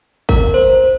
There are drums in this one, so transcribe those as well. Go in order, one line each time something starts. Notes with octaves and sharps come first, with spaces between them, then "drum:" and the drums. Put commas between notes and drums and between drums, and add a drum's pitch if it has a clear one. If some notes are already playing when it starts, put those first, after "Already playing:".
A#4, drum: kick G1
C5